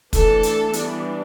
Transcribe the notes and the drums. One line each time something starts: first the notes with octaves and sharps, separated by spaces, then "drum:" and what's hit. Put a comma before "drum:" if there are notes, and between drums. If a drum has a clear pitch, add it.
E3 A3 D4 A4, drum: kick, hi-hat
drum: hi-hat
E3 G3 B3 D4, drum: hi-hat